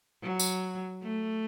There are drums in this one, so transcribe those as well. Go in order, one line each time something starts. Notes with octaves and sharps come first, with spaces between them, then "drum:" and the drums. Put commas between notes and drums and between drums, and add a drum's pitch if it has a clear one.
F#3
drum: tambourine
A3